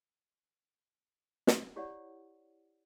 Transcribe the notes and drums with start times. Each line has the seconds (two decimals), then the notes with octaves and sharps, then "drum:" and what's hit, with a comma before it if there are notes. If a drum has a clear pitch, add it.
1.47 drum: snare
1.76 E4 G4 C#5 D5 F#5